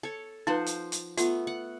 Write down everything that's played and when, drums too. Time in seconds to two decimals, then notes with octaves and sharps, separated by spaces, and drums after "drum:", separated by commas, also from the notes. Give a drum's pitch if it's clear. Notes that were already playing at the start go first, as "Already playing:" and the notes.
0.03 A4 C#5
0.47 F3 D#4 B4 C5 F#5
0.66 drum: hi-hat
0.92 drum: hi-hat
1.17 A3 B3 F4, drum: hi-hat
1.47 F#5